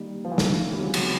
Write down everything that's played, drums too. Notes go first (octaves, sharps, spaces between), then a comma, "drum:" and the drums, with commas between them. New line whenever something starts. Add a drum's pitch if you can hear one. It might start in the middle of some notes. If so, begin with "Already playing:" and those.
Already playing: D#3 G3 A#3 D#4
F3
E3
F3, drum: snare
G3
C3 D#3 F#3 G#3 B3
F#3, drum: cymbal